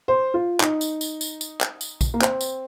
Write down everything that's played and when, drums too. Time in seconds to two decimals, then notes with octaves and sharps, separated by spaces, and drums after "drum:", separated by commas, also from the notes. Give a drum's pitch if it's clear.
0.08 C5
0.34 F4
0.60 D#4, drum: clap
0.81 drum: tambourine
1.01 drum: tambourine
1.21 drum: tambourine
1.41 drum: tambourine
1.61 drum: clap
1.81 drum: tambourine
2.01 drum: kick A#1, tambourine
2.14 A#3
2.21 C4, drum: clap
2.41 drum: tambourine